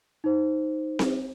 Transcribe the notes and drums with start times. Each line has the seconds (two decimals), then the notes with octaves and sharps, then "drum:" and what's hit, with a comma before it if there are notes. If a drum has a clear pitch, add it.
0.24 D#4 C5
0.99 drum: snare C4